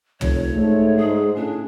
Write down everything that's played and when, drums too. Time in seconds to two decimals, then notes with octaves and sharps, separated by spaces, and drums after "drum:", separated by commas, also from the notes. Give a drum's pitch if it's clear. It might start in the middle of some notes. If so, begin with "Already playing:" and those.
0.21 F1 C#5, drum: tom
0.53 G#2 A3
0.98 G#2 G#4
1.36 A2 C#3 D4 G#4